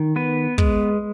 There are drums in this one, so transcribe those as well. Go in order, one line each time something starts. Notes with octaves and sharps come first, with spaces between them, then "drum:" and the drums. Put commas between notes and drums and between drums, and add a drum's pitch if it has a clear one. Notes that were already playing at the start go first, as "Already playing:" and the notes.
Already playing: D#3
B3 B4
G#3, drum: kick